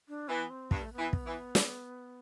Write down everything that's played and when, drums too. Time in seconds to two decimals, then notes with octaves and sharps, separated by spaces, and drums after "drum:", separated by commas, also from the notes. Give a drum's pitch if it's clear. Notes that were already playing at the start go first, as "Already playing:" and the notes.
0.08 D4
0.29 E3 B3
0.50 C4
0.71 G2 B3, drum: kick
0.82 A3
0.93 B3
0.99 E3
1.13 drum: kick
1.26 E3
1.55 drum: snare